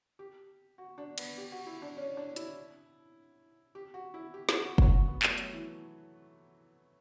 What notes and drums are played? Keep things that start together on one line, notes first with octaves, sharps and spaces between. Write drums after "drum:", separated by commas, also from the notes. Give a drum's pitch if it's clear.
G4
F#4
D4
B3, drum: cymbal
G4
F#4
E4
D4
C#4
D4
E4, drum: hi-hat
G4
F#4
E4
G4
F#4, drum: snare
F#4
F#4, drum: kick F#1
F#4
B3
A3, drum: clap
F#3, drum: hi-hat
E3